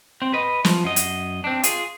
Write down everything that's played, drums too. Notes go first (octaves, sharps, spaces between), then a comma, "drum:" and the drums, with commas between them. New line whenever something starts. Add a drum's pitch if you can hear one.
C4
B4 D#5
F3, drum: snare
F#2 D#5
drum: hi-hat
C4 D4
F4 G#4, drum: hi-hat